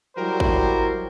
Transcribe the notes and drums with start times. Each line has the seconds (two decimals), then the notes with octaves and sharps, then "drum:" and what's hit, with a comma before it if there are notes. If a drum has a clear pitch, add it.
0.16 F#3 G3 E4 A#4 C5
0.40 drum: kick